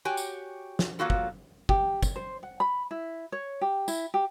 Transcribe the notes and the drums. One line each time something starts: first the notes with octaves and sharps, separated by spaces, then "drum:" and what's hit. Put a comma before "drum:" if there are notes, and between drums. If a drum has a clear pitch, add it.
F#4 G4 C#5 G5 G#5
drum: tambourine
drum: snare
F#3 A#3 F4 F#4 A4
drum: kick
G4, drum: kick
drum: kick, tambourine
C5
F#5
B5
E4
C#5
G4
E4, drum: tambourine
G4